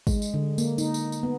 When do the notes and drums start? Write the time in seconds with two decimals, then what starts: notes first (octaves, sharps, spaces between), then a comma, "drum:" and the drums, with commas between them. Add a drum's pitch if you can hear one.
0.07 G#3, drum: kick, tambourine
0.22 drum: tambourine
0.34 D3
0.58 A#3, drum: tambourine
0.78 D#4, drum: tambourine
0.94 drum: tambourine
1.12 drum: tambourine
1.23 B3